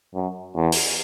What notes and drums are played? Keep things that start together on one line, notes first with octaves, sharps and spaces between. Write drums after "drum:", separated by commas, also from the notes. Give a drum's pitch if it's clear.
F#2
E2
drum: open hi-hat